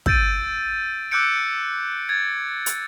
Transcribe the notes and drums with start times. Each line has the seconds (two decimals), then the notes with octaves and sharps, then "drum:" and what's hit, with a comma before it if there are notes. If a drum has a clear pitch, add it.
0.06 E6 G6 A6 D7 D#7, drum: kick
1.11 D6 E6 F#6 G6 C#7 D7
2.09 G#6 A6
2.66 drum: hi-hat